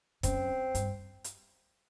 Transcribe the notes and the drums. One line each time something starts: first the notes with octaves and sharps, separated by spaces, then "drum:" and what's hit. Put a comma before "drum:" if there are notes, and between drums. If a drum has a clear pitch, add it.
F#2 C4, drum: kick, hi-hat
G2, drum: hi-hat
drum: hi-hat